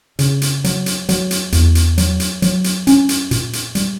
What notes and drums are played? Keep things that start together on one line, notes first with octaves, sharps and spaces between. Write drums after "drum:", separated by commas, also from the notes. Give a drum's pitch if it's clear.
C#3, drum: hi-hat
drum: hi-hat
F#3, drum: hi-hat
drum: hi-hat
F#3, drum: hi-hat
drum: hi-hat
E2, drum: hi-hat
drum: hi-hat
F#3, drum: hi-hat
drum: hi-hat
F#3, drum: hi-hat
drum: hi-hat
C#4, drum: hi-hat
drum: hi-hat
A#2, drum: hi-hat
drum: hi-hat
G3, drum: hi-hat